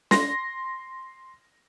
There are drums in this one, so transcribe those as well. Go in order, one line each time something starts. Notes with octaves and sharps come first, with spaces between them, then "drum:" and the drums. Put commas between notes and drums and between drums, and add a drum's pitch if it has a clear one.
C6 A#6, drum: snare